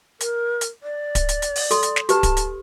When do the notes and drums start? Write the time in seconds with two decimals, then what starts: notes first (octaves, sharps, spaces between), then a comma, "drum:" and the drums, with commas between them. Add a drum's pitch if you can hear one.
0.21 A#4, drum: hi-hat
0.61 drum: hi-hat
0.83 D5
1.15 drum: kick D1, hi-hat
1.29 drum: hi-hat
1.42 drum: hi-hat
1.56 drum: open hi-hat
1.71 A4 C6 D#6, drum: hi-hat
1.83 drum: hi-hat
1.96 drum: snare
2.09 G4 B4 A5, drum: hi-hat
2.23 drum: kick D1, hi-hat
2.37 drum: hi-hat